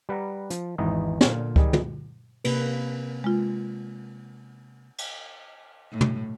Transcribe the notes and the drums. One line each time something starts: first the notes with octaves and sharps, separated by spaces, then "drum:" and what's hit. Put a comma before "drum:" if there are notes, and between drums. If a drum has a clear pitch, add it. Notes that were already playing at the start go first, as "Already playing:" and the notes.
G3 B4 F#5 A#5
F3, drum: hi-hat
G#1 E2 E3 B3 D#4 D#5
A#2 D3 F4, drum: snare
D#3 G3 G#4, drum: kick C#2
drum: tom
C3 A#3 B4, drum: cymbal
G#3 F4
drum: cymbal
A2
drum: tom